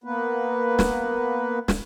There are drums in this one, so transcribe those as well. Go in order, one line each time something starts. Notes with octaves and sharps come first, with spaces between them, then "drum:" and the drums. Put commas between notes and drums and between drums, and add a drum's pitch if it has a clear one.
A#3 B3 B4
drum: snare
drum: snare